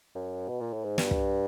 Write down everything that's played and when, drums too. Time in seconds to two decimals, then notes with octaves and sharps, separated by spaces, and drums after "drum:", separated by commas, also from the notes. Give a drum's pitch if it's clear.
0.15 F#2
0.48 B2
0.61 A#2
0.73 A2
0.84 G#2
0.98 G2, drum: snare
1.11 drum: kick